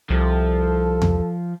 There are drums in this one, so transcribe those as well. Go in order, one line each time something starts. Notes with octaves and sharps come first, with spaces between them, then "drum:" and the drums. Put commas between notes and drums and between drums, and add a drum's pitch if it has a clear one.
C2 F3 A4
drum: tom E2